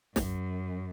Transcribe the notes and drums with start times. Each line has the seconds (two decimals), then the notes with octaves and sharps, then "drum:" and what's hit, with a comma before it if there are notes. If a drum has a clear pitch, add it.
0.16 F#2, drum: snare